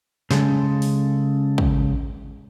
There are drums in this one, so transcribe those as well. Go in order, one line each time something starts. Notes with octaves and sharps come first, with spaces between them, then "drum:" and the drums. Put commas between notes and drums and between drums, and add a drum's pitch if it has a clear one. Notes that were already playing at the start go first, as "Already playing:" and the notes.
C#3 G#3 A4, drum: snare
drum: open hi-hat
drum: kick